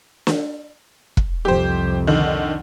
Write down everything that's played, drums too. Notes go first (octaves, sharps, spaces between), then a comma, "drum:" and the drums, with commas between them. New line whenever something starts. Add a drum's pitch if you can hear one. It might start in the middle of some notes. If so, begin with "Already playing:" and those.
drum: snare
drum: kick
C2 F2 G4 C5
D3 D#3